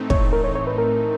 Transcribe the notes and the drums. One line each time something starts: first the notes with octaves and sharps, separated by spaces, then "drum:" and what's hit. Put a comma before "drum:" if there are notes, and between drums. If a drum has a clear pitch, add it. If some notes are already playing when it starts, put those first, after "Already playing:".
Already playing: A2 E3 A3 C4 D#4
C#5, drum: kick
A#4
C#5
C#5
B4
A#4